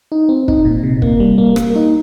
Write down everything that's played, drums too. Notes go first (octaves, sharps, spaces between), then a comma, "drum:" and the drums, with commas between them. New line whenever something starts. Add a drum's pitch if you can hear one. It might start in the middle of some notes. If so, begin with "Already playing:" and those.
D#4
C4
D#4, drum: kick
A#2
C3
A#3, drum: kick
G3
A#3
A#3, drum: rim click
D#4